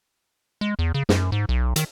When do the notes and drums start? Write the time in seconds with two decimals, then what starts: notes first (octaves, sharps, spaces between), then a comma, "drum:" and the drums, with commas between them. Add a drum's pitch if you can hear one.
0.61 G#3
0.79 E2
0.94 C#3
1.09 F#2, drum: snare
1.32 G#2
1.49 B1
1.76 D#3, drum: hi-hat